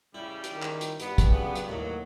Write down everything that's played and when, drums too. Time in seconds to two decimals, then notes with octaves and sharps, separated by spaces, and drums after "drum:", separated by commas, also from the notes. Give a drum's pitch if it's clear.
0.15 A1 C#3 G3 E4
0.44 drum: hi-hat
0.53 D#3
0.62 drum: clap
0.81 drum: hi-hat
1.00 G2 B3, drum: hi-hat
1.18 drum: kick, hi-hat
1.31 C#3 F#3 B3
1.55 drum: hi-hat
1.68 D#2 A2 F#3